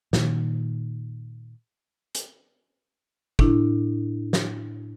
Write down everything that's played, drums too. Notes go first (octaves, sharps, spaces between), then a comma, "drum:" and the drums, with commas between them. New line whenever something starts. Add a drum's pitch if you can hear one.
A#2 D#3, drum: snare
drum: hi-hat
A2 D4 E4, drum: kick
drum: snare